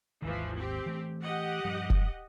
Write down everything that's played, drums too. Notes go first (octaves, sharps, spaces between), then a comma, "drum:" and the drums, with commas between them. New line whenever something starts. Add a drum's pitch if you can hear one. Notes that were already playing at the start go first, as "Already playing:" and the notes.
G#1 D#2 E3 F3
C4 G4
E3 A3
G4 D#5 F#5
G2 F3 G3
drum: kick F1